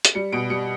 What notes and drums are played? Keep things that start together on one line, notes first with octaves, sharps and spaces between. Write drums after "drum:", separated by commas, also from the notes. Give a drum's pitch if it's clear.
drum: hi-hat
G3 C#7
B2 D7
G3 C#7